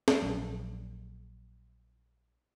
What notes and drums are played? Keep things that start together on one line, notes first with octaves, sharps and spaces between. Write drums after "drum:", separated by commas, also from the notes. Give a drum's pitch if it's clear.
drum: snare
A#1 F#3